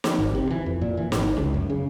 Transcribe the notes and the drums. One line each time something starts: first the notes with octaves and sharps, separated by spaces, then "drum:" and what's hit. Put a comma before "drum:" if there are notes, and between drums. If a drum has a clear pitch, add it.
drum: snare
G#1
C3
E3
F2
A#2
E3
G#1, drum: snare
C#2
F#2
C#3